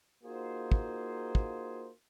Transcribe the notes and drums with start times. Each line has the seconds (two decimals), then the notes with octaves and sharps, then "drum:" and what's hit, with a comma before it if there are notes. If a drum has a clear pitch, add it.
0.24 A#3 D#4 F4 F#4 G#4 C5
0.72 drum: kick
1.35 drum: kick